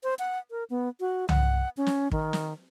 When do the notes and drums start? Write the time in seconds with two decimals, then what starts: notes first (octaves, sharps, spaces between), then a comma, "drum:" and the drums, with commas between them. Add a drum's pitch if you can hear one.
0.04 C5
0.19 F#5
0.51 A#4
0.70 B3
1.00 F#4
1.29 F#5, drum: tom C2
1.77 C#4
1.86 drum: snare
2.12 D#3, drum: kick
2.33 drum: snare